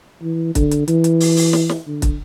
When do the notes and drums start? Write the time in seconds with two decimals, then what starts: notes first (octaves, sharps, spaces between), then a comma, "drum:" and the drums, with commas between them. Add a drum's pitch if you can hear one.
0.22 E3
0.55 D3, drum: kick, hi-hat
0.71 drum: hi-hat
0.88 E3, drum: hi-hat
1.04 drum: hi-hat
1.20 drum: open hi-hat
1.37 drum: open hi-hat
1.53 drum: snare
1.69 drum: snare
1.86 D3
2.02 drum: kick, hi-hat